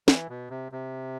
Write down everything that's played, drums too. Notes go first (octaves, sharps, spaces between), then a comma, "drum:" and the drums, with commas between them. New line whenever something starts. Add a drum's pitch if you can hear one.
E3, drum: snare
B2
C3
C3